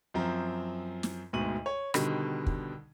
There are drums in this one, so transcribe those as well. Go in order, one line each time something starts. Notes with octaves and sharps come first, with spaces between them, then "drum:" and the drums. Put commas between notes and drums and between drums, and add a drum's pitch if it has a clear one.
F#2 F3 C4 A#5
drum: snare
D2 G#2 B2 D#7 F#7
C#5
B2 D3 D#3 G3, drum: rim click
drum: kick